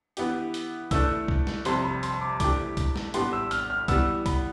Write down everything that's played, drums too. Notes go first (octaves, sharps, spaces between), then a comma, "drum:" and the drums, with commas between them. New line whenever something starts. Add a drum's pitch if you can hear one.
E3 B3 E4 G4, drum: hi-hat
drum: hi-hat
E3 A3 D4 E6, drum: kick C2, hi-hat
drum: kick C2
drum: snare
F2 C3 G3 C6, drum: hi-hat
B5
C6, drum: hi-hat
D6
E3 A3 D4 G4 D6, drum: kick C2, hi-hat
drum: kick C2, hi-hat
drum: snare
A2 G3 B3 D4 G4 C6, drum: hi-hat
E6
F6, drum: hi-hat
F6
E3 G3 B3 E6, drum: kick C2, hi-hat
B5, drum: kick C2, hi-hat